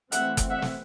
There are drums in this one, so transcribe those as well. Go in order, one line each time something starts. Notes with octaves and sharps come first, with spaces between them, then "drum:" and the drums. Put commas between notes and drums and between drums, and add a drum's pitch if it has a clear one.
E3 A3 C4 E5 F#5, drum: hi-hat
drum: kick F#1, hi-hat
E5 F#5
drum: snare